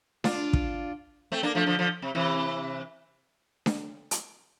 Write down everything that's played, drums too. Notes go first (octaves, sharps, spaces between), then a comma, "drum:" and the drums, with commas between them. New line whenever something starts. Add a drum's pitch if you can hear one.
D4 F4, drum: snare D4
drum: kick
A3 C4
A#3 D4
F3 A3
D3 F3
D3 F3
C3
C3 E3
drum: snare D4
drum: hi-hat